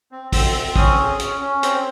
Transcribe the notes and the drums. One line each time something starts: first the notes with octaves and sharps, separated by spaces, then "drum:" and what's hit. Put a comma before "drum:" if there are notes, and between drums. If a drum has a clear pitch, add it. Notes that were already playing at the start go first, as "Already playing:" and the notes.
C4
C4 E6, drum: kick, open hi-hat
C4
C#4 D#6, drum: kick
G#4
C#4, drum: hi-hat
C#4
C4, drum: hi-hat